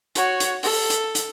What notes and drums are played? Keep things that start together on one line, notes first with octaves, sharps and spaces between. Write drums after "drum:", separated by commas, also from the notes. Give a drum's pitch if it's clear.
F#4 C#5, drum: hi-hat
drum: hi-hat
A4, drum: open hi-hat
drum: hi-hat
drum: hi-hat